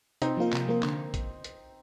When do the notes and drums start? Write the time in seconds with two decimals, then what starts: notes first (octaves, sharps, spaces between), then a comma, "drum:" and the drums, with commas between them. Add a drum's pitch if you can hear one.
0.22 C3 C4 D#4, drum: hi-hat
0.37 F3 A#3 F4 A#4
0.53 C3, drum: clap
0.68 F3 A#3 F4 A#4
0.83 D3, drum: clap
1.14 drum: kick, hi-hat
1.44 drum: hi-hat